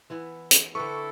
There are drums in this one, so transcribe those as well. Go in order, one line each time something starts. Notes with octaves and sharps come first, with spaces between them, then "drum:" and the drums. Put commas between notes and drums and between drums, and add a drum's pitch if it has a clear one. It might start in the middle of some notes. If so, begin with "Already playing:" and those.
E3 B3 E4
drum: hi-hat
D3 C4 E4 A4 B4 C#6